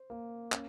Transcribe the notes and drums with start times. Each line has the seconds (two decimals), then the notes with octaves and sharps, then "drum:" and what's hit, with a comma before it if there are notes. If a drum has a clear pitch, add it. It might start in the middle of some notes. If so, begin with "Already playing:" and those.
Already playing: C5
0.10 A#3
0.52 C#4, drum: clap